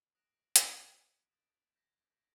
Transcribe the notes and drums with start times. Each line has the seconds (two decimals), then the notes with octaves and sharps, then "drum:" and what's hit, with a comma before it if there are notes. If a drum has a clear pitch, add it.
0.15 D#6 F#6 A#6 D7 E7 F7
0.56 drum: hi-hat
0.75 F#6 G#6 A#6 B6
1.29 D#6 G6 A6 D7 E7
1.76 G6 A#6 B6